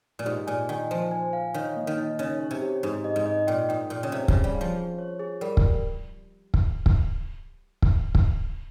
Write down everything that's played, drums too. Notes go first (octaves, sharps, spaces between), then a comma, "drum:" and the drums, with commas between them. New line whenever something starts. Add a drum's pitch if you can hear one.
A#2
G#2 G4
A#2 G#5
D#3 G#5
F3 C5
G#5
F5
D#3 C#5
A#3
D#3
D#4
C#3 D#4
C#5
C3
G4
G#2 G#4
D#5
G#2
D#5
A#2 G5
G#2 G5
A#2 G5
C#3
C3 G#4
C#3, drum: kick
G#4
G3
F5
F3
G#4
C#5
G#4
G3 A#4
drum: kick
drum: kick
drum: kick
drum: kick
drum: kick